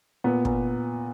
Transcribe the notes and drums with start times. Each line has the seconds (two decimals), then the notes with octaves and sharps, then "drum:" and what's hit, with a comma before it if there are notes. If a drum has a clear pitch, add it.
0.24 A#2 B3
0.45 A#2, drum: kick